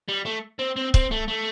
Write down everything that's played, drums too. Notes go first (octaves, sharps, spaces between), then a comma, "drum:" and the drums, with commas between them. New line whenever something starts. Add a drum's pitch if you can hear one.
G3
A3
C4
C4
C4, drum: kick
A3
A3